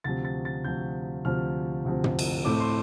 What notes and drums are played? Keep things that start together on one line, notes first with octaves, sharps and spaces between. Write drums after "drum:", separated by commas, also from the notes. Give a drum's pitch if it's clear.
D2 C3 F3 A6
A6
A6
D2 C3 F3 G6
D2 C3 F3 F6
D2 C3 F3
drum: tom
drum: cymbal
A2 A3 C4 D6
C6